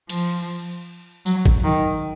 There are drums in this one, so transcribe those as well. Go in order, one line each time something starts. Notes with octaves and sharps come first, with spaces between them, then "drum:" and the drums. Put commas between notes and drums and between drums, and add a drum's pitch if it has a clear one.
F3, drum: cymbal
F#3, drum: tambourine
drum: kick A1
D#3